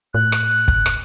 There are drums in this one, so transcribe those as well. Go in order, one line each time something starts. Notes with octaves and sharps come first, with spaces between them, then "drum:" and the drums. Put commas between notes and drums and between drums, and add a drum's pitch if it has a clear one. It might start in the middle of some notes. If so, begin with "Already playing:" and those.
A2 F#6
drum: rim click
drum: kick
drum: rim click